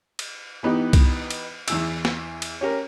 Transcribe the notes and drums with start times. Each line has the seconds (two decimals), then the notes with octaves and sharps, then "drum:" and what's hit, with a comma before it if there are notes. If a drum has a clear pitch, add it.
0.19 drum: cymbal
0.63 E3 B3 D#4 G4
0.93 drum: kick C2, cymbal
1.30 drum: cymbal
1.68 E2 E3 E6, drum: cymbal
2.05 drum: snare
2.42 drum: cymbal
2.61 C#4 G4 A#4